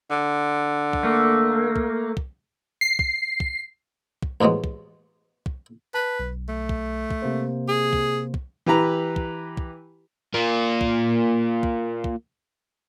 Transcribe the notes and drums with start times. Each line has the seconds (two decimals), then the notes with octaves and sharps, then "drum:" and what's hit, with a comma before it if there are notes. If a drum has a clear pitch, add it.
0.10 D3
0.93 drum: kick
1.03 A3 A#3
1.76 drum: kick
2.17 drum: kick
2.81 C7
2.99 drum: kick
3.40 drum: kick
4.23 drum: kick
4.41 A1 F2 B2 F#3 G#3
4.64 drum: kick
5.46 drum: kick
5.94 B4 A5
6.20 B1
6.49 A3
6.69 drum: kick
7.11 drum: kick
7.22 C3 A#3 C5
7.69 G#4
7.93 drum: kick
8.34 drum: kick
8.66 E3 G4 B4 A#5
9.16 drum: kick
9.57 drum: kick
10.34 A#3 F4
10.81 drum: kick
11.63 drum: kick
12.04 drum: kick